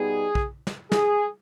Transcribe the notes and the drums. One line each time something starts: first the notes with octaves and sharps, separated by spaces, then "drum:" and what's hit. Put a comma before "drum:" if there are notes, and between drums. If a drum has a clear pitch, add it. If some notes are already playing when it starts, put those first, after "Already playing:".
Already playing: B2 G3 B3 D#4 G#4
drum: kick
drum: snare
G#4, drum: snare